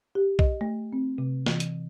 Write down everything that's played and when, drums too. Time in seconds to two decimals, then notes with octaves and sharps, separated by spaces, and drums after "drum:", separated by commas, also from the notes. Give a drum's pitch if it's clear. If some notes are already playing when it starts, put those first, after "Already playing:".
0.15 G4
0.39 D#5, drum: kick
0.61 A3
0.93 C4
1.18 C3
1.46 E3, drum: snare
1.60 drum: hi-hat